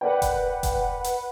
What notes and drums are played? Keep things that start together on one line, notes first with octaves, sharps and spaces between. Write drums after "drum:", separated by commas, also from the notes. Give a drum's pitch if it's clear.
A#4 B4 D5 F#5 G5
drum: kick F1, hi-hat
drum: kick F1, hi-hat
drum: hi-hat